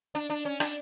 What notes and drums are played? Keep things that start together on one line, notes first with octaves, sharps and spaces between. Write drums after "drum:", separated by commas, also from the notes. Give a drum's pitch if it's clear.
D4
D4
C#4
D4, drum: rim click